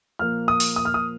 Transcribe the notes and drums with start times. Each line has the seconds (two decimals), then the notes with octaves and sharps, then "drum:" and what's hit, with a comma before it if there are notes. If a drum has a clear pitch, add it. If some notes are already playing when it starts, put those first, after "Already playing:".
0.19 A#2 F3 A#3 F6
0.48 D#6
0.60 drum: open hi-hat
0.76 D#6
0.85 F6
0.94 D#6